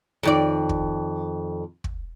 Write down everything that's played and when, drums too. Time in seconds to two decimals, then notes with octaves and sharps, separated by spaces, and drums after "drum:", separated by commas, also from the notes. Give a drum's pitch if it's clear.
0.23 F2 D#3 D5
0.69 drum: kick
1.84 drum: kick